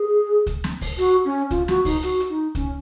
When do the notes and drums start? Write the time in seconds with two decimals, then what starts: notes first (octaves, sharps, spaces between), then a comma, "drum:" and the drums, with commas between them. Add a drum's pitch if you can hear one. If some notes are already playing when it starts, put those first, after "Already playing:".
Already playing: G#4
0.47 drum: kick C#2, hi-hat
0.64 drum: snare
0.81 drum: kick C#2, open hi-hat
0.98 F#4, drum: hi-hat
1.25 C#4
1.51 F4, drum: kick C#2, hi-hat
1.68 F#4, drum: snare
1.85 D#4, drum: kick C#2, open hi-hat
2.03 F#4, drum: hi-hat
2.20 drum: hi-hat
2.29 D#4
2.55 C#4, drum: kick C#2, hi-hat